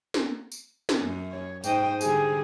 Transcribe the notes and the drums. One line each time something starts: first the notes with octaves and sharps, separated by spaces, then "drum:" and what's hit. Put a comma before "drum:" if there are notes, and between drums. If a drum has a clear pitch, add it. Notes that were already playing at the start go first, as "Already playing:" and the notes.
drum: snare
drum: tambourine
drum: snare
F#2
C#5
G#2 C5 D#5 G5, drum: tambourine
D3 G3 G#4, drum: tambourine